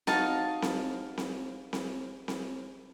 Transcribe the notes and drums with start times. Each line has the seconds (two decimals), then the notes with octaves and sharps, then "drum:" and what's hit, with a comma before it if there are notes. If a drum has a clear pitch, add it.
0.07 D#4 F#4 F5 A5, drum: snare C4
0.62 drum: snare C4
1.18 drum: snare C4
1.73 drum: snare C4
2.28 drum: snare C4